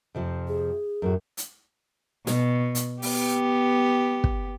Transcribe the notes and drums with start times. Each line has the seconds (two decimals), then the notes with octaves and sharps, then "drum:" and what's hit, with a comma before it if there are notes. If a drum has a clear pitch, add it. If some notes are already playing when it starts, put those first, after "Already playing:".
0.15 F2 C3 F3
0.48 G#4
1.02 F#2 A2 F#4
1.37 drum: hi-hat
2.27 B2, drum: snare
2.75 drum: hi-hat
3.02 B3 G4, drum: open hi-hat
4.24 drum: kick